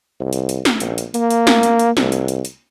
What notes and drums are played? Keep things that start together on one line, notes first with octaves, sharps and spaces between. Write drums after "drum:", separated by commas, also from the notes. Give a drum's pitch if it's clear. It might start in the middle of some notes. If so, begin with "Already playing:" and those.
C2
drum: hi-hat
drum: hi-hat
drum: snare
A#1, drum: hi-hat
drum: hi-hat
A#3, drum: hi-hat
drum: hi-hat
drum: snare
drum: hi-hat
drum: hi-hat
C2, drum: snare
drum: hi-hat
drum: hi-hat
drum: hi-hat